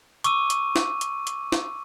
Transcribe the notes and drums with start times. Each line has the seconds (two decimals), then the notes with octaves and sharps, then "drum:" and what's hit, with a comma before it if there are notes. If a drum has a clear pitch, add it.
0.24 C#6 D6 E6 D#7, drum: hi-hat
0.50 drum: hi-hat
0.76 drum: snare
1.01 drum: hi-hat
1.27 drum: hi-hat
1.52 drum: snare